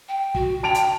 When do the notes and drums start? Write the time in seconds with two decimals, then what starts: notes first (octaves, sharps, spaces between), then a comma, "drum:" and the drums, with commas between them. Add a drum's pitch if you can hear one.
0.08 G5
0.35 F#4, drum: kick
0.63 G5 A5 D7 F7
0.74 drum: hi-hat